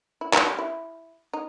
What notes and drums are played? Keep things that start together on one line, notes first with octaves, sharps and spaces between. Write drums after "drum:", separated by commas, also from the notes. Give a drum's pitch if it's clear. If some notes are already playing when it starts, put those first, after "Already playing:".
E4
D#4, drum: clap
G3
E4
D#4